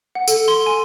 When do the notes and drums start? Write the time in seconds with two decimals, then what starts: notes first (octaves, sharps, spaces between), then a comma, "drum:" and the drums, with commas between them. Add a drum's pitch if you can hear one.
0.15 F#5
0.28 A4, drum: tambourine
0.48 C6
0.66 G#5